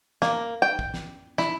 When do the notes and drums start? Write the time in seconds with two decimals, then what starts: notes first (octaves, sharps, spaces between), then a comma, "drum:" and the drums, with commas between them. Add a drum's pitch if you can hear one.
0.22 A#3, drum: snare
0.62 G5
0.79 drum: kick
0.94 drum: snare
1.38 E4, drum: snare